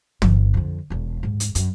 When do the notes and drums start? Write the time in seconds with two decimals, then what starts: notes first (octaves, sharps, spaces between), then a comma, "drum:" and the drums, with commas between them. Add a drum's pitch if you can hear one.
0.22 G1 C3, drum: tom
0.54 F2 D3
0.90 E1 E2
1.23 D#2 G#2
1.40 drum: hi-hat
1.55 F#2, drum: hi-hat